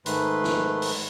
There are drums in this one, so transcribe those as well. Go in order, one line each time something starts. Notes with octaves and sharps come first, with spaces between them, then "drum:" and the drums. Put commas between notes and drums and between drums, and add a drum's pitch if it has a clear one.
G#2 D#3 A3 B4 C6, drum: hi-hat
drum: snare
drum: open hi-hat